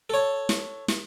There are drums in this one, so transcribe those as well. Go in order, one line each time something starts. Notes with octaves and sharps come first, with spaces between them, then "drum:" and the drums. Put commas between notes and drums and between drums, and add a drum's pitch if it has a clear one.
A4 C#5
drum: snare
drum: snare